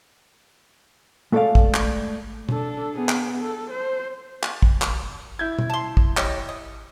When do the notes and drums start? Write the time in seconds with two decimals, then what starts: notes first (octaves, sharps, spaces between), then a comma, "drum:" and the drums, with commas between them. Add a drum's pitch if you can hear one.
1.32 G#3 A3 A4 C#5 D5 F5
1.55 drum: kick
1.74 drum: clap
2.49 D4 A4, drum: tom B2
2.95 B3 G#4
3.09 drum: clap
3.40 A4
3.70 C5
4.43 drum: clap
4.63 drum: kick
4.82 drum: clap
5.39 E4 G6 G#6
5.59 drum: tom B2
5.70 A5 C6
5.97 drum: kick
6.17 G4 C#5 D#5, drum: clap
6.49 D#5